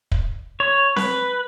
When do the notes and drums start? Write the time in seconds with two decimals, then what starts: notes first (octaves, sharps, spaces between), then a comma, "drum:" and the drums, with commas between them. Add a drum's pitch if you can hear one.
0.12 drum: kick
0.60 C#5
0.96 B4, drum: snare C4